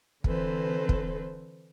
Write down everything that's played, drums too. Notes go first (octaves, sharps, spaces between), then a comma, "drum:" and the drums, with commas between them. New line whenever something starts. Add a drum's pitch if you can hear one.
D3 E3 C4 A4 B4 C5, drum: kick
drum: kick